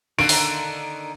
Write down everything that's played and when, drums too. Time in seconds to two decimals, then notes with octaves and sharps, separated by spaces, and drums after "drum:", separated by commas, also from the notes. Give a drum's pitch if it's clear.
0.19 D3 D#3 A#3 D7
0.29 drum: open hi-hat